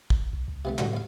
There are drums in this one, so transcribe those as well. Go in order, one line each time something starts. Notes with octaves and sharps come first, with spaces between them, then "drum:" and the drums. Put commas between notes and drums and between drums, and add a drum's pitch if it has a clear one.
drum: kick
B1
C#2
C3 E3 A3
C2 F#2 A2 D3, drum: clap
D#2 F5